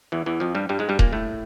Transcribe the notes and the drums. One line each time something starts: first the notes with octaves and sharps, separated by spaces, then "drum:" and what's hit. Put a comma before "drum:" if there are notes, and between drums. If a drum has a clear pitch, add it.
E2 E3
E2 E3
F2 F3
G2 G3
G2 G3
G#2 G#3
G2 G3
A#2 A#3, drum: kick D#1
A2 A3